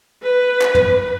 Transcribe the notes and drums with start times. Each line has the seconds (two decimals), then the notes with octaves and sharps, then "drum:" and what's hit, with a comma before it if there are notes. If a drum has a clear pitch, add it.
0.23 B4
0.61 drum: clap
0.75 drum: tom